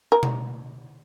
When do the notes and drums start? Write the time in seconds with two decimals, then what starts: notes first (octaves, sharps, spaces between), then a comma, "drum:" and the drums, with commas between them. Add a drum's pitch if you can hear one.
0.12 A#4
0.23 drum: tom B2